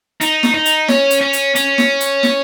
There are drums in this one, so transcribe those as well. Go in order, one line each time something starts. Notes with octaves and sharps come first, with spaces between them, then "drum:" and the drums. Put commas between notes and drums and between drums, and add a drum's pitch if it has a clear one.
D#4, drum: hi-hat
drum: snare
D#4
drum: hi-hat
C#4, drum: snare
drum: hi-hat
C#4
drum: hi-hat
C#4, drum: hi-hat
drum: snare
drum: hi-hat
drum: snare